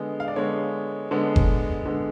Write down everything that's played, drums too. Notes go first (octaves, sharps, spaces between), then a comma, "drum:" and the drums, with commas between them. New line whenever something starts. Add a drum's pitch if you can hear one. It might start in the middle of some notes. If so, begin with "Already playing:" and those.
Already playing: D3 G#3 B3
F5
D5
D3 G#3 B3 C#5
D3 G#3 B3
drum: kick F#1
D3 G#3 B3